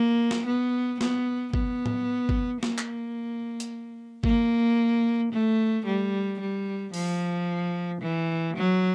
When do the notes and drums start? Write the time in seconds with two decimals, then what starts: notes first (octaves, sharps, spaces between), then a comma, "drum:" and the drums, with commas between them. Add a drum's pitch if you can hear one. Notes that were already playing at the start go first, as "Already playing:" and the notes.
Already playing: A#3
0.31 drum: snare
0.46 B3
1.01 B3, drum: snare
1.53 B3, drum: kick
1.86 drum: tom A2
2.29 drum: kick
2.63 A#3, drum: snare
2.78 drum: clap
3.60 drum: hi-hat
4.24 A#3, drum: kick
5.33 A3
5.86 G3
6.40 G3
6.94 F3, drum: open hi-hat
8.02 E3
8.57 F#3